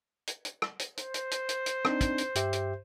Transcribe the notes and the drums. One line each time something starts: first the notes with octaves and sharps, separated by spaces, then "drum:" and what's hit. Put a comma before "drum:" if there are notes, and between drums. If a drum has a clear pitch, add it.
drum: hi-hat
drum: hi-hat
drum: rim click
drum: hi-hat
C5, drum: hi-hat
drum: hi-hat
drum: hi-hat
drum: hi-hat
drum: hi-hat
C4 D4 D#4, drum: rim click
drum: kick, hi-hat
drum: hi-hat
G2 G4 E5, drum: hi-hat
drum: hi-hat